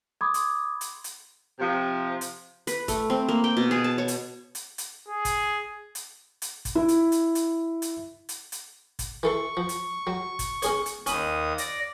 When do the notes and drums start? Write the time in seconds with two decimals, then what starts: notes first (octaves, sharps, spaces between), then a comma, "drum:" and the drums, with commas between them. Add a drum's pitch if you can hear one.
0.21 B5 C6 D6 D#6 G#6
0.34 drum: hi-hat
0.81 drum: hi-hat
1.04 drum: hi-hat
1.60 C3 F3
2.21 drum: hi-hat
2.67 B4, drum: hi-hat
2.88 A3, drum: kick, hi-hat
3.10 C4
3.29 A#3
3.44 G5
3.57 B2
3.71 G#4
3.84 A5
3.98 C#5
4.08 drum: hi-hat
4.55 drum: hi-hat
4.78 drum: hi-hat
5.09 G#4
5.25 drum: kick, hi-hat
5.95 drum: hi-hat
6.42 drum: hi-hat
6.65 drum: kick, hi-hat
6.75 E4
6.88 drum: hi-hat
7.12 drum: hi-hat
7.35 drum: hi-hat
7.82 drum: hi-hat
8.29 drum: hi-hat
8.52 drum: hi-hat
8.99 drum: kick, hi-hat
9.23 E3 A4 C6 C#6
9.57 F3
9.69 drum: hi-hat
10.07 F#3
10.39 drum: kick, hi-hat
10.62 C#4 G#4 C#5, drum: hi-hat
10.86 drum: hi-hat
11.06 D#2 C#4 B5 D#6, drum: hi-hat
11.58 D5 A#6, drum: hi-hat